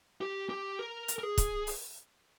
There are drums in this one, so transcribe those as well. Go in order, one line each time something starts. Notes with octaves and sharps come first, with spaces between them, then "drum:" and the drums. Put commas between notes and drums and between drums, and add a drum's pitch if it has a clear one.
G4
G4
A#4
drum: hi-hat
A#4
G#4
drum: kick, hi-hat
drum: open hi-hat